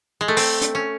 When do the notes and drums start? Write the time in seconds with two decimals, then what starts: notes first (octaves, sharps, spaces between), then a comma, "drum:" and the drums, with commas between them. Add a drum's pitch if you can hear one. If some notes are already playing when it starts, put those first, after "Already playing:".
0.21 G#3
0.28 A3
0.37 C4, drum: open hi-hat
0.62 drum: hi-hat
0.75 C#4